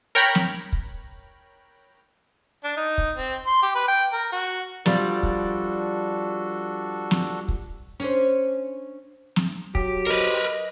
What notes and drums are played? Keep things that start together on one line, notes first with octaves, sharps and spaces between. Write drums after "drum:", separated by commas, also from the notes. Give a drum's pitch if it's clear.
A#4 C#5 G5 A#5 B5 F#6
drum: snare
drum: kick
D4
D#4
drum: kick
C4
C6
G4
B4
G5
A#4
F#4
F3 G3 D4 F#4 A4 D5, drum: snare
drum: kick
drum: snare
drum: kick
C#4 D4 C5
drum: snare
F#3 G4, drum: kick
A#4 B4 D#5